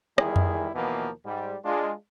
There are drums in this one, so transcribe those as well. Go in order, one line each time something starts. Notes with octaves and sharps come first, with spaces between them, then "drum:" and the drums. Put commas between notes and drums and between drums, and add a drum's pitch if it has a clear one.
E2 D#3 G3 G#3 E4 G#4, drum: rim click
drum: tom F2
D#2 B2 E3 F3 A#3 B3
G#2 G3
G#3 D4 F4